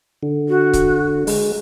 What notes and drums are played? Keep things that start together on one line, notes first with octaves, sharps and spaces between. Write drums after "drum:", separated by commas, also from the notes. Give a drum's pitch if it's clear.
D3
F#4
drum: kick C#1, hi-hat
G#3, drum: open hi-hat